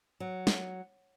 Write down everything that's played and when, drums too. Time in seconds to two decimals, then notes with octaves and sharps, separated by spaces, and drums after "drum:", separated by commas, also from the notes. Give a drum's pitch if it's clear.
0.20 F#3
0.47 drum: snare